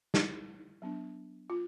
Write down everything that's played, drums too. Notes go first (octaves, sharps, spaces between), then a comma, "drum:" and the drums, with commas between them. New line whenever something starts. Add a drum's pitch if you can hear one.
E4, drum: snare
F#3 B3 D4
F4